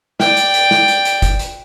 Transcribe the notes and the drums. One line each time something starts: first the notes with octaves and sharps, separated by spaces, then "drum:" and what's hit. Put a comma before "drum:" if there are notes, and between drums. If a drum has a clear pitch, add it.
D5 G5, drum: snare
drum: hi-hat
drum: hi-hat
drum: snare
drum: hi-hat
drum: hi-hat
drum: kick, hi-hat
drum: hi-hat